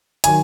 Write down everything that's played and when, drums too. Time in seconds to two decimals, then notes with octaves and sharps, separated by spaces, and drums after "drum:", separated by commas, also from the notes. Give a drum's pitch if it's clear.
0.24 D#3 F#3 G#5, drum: hi-hat